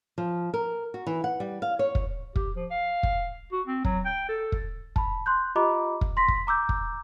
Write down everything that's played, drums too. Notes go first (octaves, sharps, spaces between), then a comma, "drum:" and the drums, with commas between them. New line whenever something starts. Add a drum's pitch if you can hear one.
F3
A#4
F#4
E3
F#5
G3
F5
C#5
drum: kick
G4, drum: kick
F3
F5
drum: kick
F#4
C4
F#3, drum: kick
G5
A4
drum: kick
A5 B5, drum: kick
C6 F#6 G6
F4 G4 D#5 A#5 B5 D6
drum: kick
C6 A#6 B6
drum: kick
A#5 D6 E6 G6
drum: kick